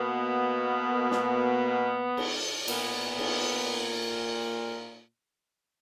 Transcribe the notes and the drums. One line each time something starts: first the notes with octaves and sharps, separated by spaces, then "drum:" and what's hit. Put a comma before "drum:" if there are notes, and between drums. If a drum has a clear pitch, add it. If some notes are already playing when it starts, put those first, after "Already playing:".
Already playing: B2 A#3 B3
drum: snare
drum: cymbal
A#2 A#3 B3, drum: cymbal
drum: cymbal